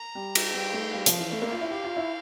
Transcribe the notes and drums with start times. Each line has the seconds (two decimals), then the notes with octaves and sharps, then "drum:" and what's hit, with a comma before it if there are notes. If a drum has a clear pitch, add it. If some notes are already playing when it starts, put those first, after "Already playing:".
Already playing: A#5
0.15 G3
0.35 drum: cymbal
0.54 G3 G5
0.73 A3
0.93 G3 F5
1.06 F3, drum: hi-hat
1.19 E3
1.32 A3
1.42 A#3
1.52 F4
1.61 E4
1.71 G4 F5
1.84 F4
1.97 E4